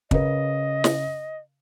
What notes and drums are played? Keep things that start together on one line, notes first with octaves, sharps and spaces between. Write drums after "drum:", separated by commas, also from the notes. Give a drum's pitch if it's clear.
C#3 A#4 B4 D#5, drum: kick
drum: snare